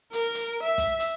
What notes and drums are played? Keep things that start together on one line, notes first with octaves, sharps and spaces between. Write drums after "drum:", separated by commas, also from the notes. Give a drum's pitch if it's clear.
A#4, drum: hi-hat
drum: hi-hat
E5
drum: kick, hi-hat
drum: hi-hat